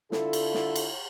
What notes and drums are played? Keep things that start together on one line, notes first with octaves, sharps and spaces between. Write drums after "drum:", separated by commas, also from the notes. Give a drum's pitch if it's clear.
D3 E4 F4 A4, drum: snare
drum: cymbal
drum: snare
drum: cymbal